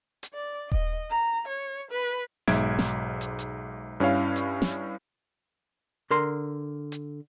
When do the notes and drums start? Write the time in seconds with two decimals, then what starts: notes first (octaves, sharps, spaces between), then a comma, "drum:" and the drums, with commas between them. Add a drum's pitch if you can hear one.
0.23 drum: hi-hat
0.34 D5
0.72 D#5, drum: kick D#1
1.10 A#5
1.47 C#5
1.91 B4
2.47 B1 G#2 E5 G#6 D7, drum: snare
2.79 drum: snare
3.21 drum: hi-hat
3.39 drum: hi-hat
4.00 G2 C#4 E4 C#5 F5
4.36 drum: hi-hat
4.62 drum: snare
6.11 D3 A#4 C6
6.92 drum: hi-hat